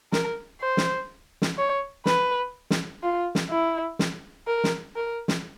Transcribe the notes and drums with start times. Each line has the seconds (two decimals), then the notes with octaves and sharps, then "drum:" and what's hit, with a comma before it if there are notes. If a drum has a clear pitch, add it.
0.12 A#4, drum: snare
0.61 C5
0.77 drum: snare
1.42 drum: snare
1.58 C#5
2.06 B4, drum: snare
2.70 drum: snare
3.03 F4
3.35 drum: snare
3.50 E4
3.99 drum: snare
4.47 A#4
4.64 drum: snare
4.96 A#4
5.28 drum: snare